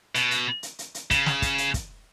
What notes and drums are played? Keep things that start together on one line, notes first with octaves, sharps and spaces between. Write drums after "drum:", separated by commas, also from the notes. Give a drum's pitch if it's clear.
B2, drum: hi-hat
drum: hi-hat
drum: hi-hat
drum: hi-hat
drum: hi-hat
C#3, drum: kick, hi-hat
drum: snare
drum: kick, hi-hat
drum: hi-hat
drum: kick, hi-hat